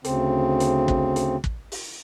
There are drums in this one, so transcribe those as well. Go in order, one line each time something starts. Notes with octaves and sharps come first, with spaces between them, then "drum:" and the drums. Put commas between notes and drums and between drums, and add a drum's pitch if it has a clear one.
D2 C#3 C4, drum: hi-hat
drum: hi-hat
drum: kick
drum: hi-hat
drum: kick
drum: open hi-hat